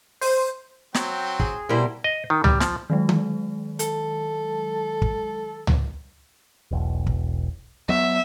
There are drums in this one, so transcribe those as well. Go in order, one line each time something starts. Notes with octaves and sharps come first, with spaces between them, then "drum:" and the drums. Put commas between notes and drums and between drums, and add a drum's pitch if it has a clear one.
C5, drum: open hi-hat
F#3 C4 G5, drum: snare
G#4, drum: kick
B2 G3 A#3 E4 A#4 C5
D#5
D#3
G3, drum: tom C#2
F3, drum: snare
D#3 F#3 G#3
drum: tom D#3
A4, drum: hi-hat
drum: kick
drum: tom C#2
E1 B1
drum: kick
F#3 B3 E5